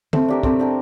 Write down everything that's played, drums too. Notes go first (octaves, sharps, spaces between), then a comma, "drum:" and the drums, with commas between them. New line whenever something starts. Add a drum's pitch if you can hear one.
A3 C4, drum: tom D3
D4 G4 A#4
A3 C4, drum: kick
D4 G4 A#4